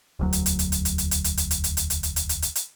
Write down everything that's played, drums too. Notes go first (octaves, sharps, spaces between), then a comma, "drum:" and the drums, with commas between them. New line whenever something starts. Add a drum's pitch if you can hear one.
E1 D2 F#3
drum: hi-hat
drum: hi-hat
drum: hi-hat
drum: hi-hat
drum: hi-hat
drum: hi-hat
drum: hi-hat
drum: hi-hat
drum: hi-hat
drum: hi-hat
drum: hi-hat
drum: hi-hat
drum: hi-hat
drum: hi-hat
drum: hi-hat
drum: hi-hat
drum: hi-hat
drum: hi-hat